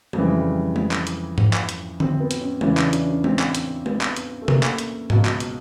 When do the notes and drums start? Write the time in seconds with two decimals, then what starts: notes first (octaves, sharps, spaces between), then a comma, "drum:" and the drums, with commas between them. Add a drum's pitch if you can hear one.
0.13 F2 C#3 E3 G3, drum: tom G#3
0.25 G#3
0.37 G3
0.76 drum: tom G#3
0.91 drum: clap
1.07 drum: hi-hat
1.38 drum: tom G#2
1.53 drum: clap
1.69 drum: hi-hat
2.00 C4, drum: tom D3
2.20 B3
2.31 drum: hi-hat
2.41 C#4
2.61 E2 C#3 E3 C#4, drum: tom G#3
2.77 D4, drum: clap
2.93 D4, drum: hi-hat
3.09 C#4
3.24 C4, drum: tom G#3
3.39 drum: clap
3.55 drum: hi-hat
3.86 B3, drum: tom G#3
4.01 drum: clap
4.17 drum: hi-hat
4.42 A3
4.48 A#3, drum: tom C3
4.63 drum: clap
4.78 drum: hi-hat
5.10 C#2 B2, drum: tom G#2
5.25 drum: clap
5.40 drum: hi-hat